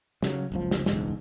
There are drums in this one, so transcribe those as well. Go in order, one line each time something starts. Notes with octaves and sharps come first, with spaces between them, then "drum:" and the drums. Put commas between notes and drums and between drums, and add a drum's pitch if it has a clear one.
C#3 F#3, drum: snare
F#1 C#2 F3
drum: snare
E1 C#2 G#2, drum: snare